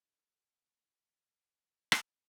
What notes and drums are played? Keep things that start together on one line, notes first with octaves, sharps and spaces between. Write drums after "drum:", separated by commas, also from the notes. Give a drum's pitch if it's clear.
D#4 A4 C5 D5
drum: rim click